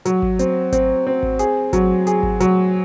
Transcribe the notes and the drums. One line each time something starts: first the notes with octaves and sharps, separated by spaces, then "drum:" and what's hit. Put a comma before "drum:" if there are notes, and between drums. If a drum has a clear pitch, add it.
F#3, drum: hi-hat
drum: kick G#1
C4, drum: hi-hat
C4, drum: kick G#1, hi-hat
C4
drum: kick G#1
G#4, drum: hi-hat
F#3, drum: kick G#1, hi-hat
G#4, drum: hi-hat
drum: kick G#1
F#3, drum: hi-hat